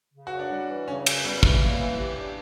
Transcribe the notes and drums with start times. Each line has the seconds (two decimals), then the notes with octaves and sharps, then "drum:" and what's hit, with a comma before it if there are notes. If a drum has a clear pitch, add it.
0.14 C#3
0.27 F#4
0.32 F#2
0.39 D4
0.51 G3
0.69 E3
0.88 C#3 C#4
1.06 F#2, drum: cymbal
1.12 C#4
1.24 G3 B3
1.43 E3 B3, drum: kick
1.62 A#3
1.80 E3
1.98 G4
2.17 D4